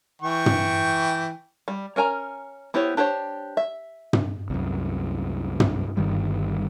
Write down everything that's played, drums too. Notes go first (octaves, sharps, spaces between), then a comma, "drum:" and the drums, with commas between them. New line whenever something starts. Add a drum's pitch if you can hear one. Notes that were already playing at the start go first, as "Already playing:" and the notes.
E3 G5 C#6
drum: tom
G3
C#4 A#4 G#5 A#5
B3 E4 G4 C5 C#5
D4 G4 C5 C#5
E5
drum: tom
C2 F#2
drum: tom
G1 G2 D#3 G3